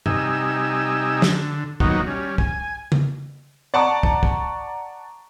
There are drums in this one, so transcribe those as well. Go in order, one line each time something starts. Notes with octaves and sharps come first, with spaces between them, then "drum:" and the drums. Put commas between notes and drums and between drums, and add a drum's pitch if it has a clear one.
C3 G3 D#4 G#5 E6, drum: tom G2
D3, drum: snare
A#2 D#3 F#3 B3 D#4 F#4, drum: kick
G3 C#4
G#5, drum: kick
drum: tom C#3
D5 F#5 A5 A#5 C#6
drum: kick
drum: kick